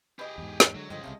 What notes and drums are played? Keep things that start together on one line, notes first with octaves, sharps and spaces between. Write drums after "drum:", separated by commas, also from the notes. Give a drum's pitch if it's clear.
G4 G#4 B4 D#5
E2 G#2
drum: snare
D3 F#3 G#3
C#2 G2 D3 D#3 F3 G#3 G#4 D#5
C2 C3 A3 F4 D#5